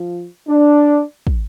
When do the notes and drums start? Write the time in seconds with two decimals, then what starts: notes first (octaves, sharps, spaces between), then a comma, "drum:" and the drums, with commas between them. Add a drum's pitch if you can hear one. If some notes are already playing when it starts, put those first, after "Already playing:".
Already playing: F3
0.48 D4
1.27 drum: kick